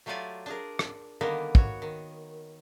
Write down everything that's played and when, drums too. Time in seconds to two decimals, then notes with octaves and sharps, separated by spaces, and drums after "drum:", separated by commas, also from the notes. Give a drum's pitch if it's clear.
0.06 F#3 A3 F4 G4 D5 G#5
0.46 D4 G#4 A#4
0.79 drum: rim click
1.21 D3 D#3 G3 A#3 B3 A#4
1.55 F#4 C#5, drum: kick
1.82 D#3